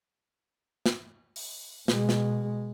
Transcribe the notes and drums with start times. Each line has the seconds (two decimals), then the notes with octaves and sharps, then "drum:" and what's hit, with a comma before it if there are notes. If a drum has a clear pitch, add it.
0.86 drum: snare
1.36 drum: open hi-hat
1.88 B2 G#3, drum: snare
2.09 drum: snare